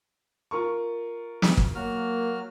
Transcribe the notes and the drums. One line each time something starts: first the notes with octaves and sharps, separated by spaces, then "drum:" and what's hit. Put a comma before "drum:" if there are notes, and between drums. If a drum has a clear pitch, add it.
F4 A#4 C#6
drum: snare
drum: kick
F#3 A#3 F#4 F6